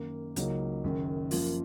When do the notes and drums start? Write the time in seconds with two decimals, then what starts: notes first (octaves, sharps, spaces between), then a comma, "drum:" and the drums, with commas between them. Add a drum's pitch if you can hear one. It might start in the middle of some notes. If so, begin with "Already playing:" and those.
Already playing: F#2 D#3 A#3
0.36 C#2 C#3 F#3 A#3 D#4, drum: hi-hat
0.84 F#1 F#2 D#3
1.31 F#2 F3 A#3 F4, drum: open hi-hat